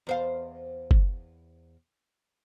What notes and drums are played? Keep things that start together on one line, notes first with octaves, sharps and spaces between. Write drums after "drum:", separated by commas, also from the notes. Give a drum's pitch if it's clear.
E2 C5 F5
drum: kick F#1